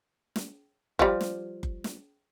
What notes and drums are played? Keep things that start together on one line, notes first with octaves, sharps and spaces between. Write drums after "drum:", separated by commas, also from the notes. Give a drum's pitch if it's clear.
drum: snare
F3 G3, drum: kick F#1
drum: snare
drum: kick F#1
drum: snare